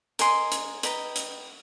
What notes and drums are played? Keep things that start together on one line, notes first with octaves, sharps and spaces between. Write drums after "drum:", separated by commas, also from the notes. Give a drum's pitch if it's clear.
A#4 D#5 G#5 C6, drum: hi-hat
drum: hi-hat
B4 D#5 G5 A#5, drum: hi-hat
drum: hi-hat